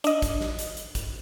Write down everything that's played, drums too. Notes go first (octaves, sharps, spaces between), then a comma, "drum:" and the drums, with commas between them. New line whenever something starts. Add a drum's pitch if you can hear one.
D4 D#5, drum: hi-hat
drum: kick, hi-hat
drum: snare
drum: hi-hat
drum: hi-hat
drum: kick, hi-hat